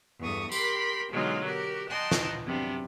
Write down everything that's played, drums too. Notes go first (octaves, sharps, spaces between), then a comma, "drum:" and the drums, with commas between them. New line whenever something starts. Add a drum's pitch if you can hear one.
E2 G2 A4 C#6 D#6
G4 A#4 G5 B5 C6, drum: tambourine
B2 D3 F#3 G#3 D#4 F4
F#4 G4 A#4
D#5 F#5 G5 A5 A#5 C6
drum: snare
F#2 C3 B3 D4